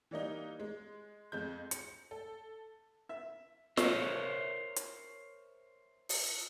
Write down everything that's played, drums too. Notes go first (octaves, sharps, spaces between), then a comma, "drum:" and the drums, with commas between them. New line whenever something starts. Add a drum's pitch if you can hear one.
E3 G3 A#3 D#4
G#3
F2 G#3 G6
C#7, drum: hi-hat
A4
E5
A#4 C5 C#5 E5, drum: snare
drum: hi-hat
drum: open hi-hat